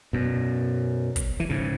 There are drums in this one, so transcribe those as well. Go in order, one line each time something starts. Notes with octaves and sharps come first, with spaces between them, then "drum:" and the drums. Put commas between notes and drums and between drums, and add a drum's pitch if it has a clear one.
F#2 B2
drum: kick, hi-hat
E3
G#2 C#3